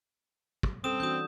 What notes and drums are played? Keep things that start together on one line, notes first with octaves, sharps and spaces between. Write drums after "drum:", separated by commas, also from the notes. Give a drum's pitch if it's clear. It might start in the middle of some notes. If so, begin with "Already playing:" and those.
drum: kick
G3 C4 C#4 A4 D#6 E7
E3 D4 F#4 D#6 G6